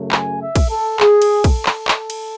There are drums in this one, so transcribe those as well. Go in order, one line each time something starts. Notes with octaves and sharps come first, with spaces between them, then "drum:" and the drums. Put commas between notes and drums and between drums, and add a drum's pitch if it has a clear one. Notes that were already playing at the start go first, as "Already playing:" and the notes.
Already playing: F#2 C#3 F#3 A3
G#5, drum: clap
E5
drum: kick, cymbal
A4
G#4, drum: clap
drum: cymbal
A4, drum: kick, cymbal
drum: clap
drum: clap
drum: cymbal